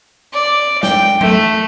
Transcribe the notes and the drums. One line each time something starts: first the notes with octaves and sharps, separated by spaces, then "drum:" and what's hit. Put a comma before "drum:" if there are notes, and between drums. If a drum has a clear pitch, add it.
D5
G5, drum: snare
A3, drum: tom F#3